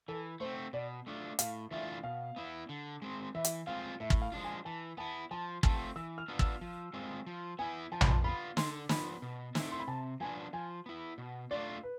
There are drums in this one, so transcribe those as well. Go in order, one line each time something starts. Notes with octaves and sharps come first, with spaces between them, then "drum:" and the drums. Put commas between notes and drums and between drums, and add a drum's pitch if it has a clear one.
E3 A4
A3 C4 C5
B2 D5
A3 D4 F4
A2 F5, drum: hi-hat
E3 A3 D4 F4 E5
B2 F5
B3 E4
D3
G#3 C4
E3 E5
drum: hi-hat
G#3 C4 F4 F5
A2 E5
drum: kick
F5
F3 G#3 D4 F4
G#5
E3 A5
B3 E4 A5
F3 A5
A3 C4 F4 A5, drum: kick
E3 E6
F6
B3 D4 F4
E6, drum: kick
F3
G#3 C4 F4
F3
B3 E4 G#5
F3 A5
B5, drum: tom A#1
A5
B3 F4 B5
D3 C6, drum: snare
F3 B3 B5, drum: snare
B2
A3 C4 E4, drum: snare
C6
B5
C3 A5
F3 B3 D4 G#5
F3 G#5
B3 E4
B2
A3 D4 F4 D5
B4